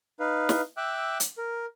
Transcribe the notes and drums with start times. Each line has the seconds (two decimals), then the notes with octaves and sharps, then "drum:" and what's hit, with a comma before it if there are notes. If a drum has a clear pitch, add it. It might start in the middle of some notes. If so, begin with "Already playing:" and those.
0.20 D#4 B4 F5
0.49 drum: snare
0.77 E5 G5 D6 E6 F#6
1.20 drum: hi-hat
1.38 A#4